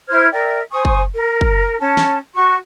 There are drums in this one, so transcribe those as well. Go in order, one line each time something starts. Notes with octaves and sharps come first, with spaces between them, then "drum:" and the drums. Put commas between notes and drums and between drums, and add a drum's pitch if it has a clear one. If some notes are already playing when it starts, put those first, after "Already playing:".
E4 C5 F6 G#6
A#4 D5 E5 G5
C5 G#5 C#6 D#6
drum: kick
A#4
drum: kick
C#4 A5
drum: snare
F#4 C#6